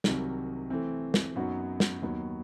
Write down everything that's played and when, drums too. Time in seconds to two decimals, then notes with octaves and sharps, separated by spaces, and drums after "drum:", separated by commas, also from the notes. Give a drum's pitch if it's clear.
0.04 C2 C3 D#3 F#3, drum: snare
0.70 E3 A3 C4
1.14 drum: snare
1.36 F#2 F#3 B3 D#4 F#4
1.80 drum: snare
2.02 D#2 D#3 F#3 B3